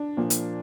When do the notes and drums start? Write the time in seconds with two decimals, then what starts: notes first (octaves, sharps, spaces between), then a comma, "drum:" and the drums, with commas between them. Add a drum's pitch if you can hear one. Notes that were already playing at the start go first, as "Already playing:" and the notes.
Already playing: D4
0.17 A#2 F3 A#3
0.30 drum: hi-hat